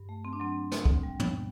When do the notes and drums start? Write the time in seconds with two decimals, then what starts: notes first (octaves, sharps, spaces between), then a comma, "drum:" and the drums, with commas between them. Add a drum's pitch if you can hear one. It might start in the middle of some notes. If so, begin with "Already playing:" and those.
Already playing: G2
0.09 A3
0.25 C4
0.33 D4
0.40 F#3 C4
0.72 D2 C4, drum: snare
0.85 drum: kick
1.03 G3
1.20 B3, drum: tom